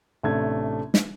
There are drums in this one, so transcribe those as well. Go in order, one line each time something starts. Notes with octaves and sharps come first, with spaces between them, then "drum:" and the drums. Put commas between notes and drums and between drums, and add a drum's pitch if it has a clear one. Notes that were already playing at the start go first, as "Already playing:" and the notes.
A1 C3 A3 D4 A5 G#6
drum: snare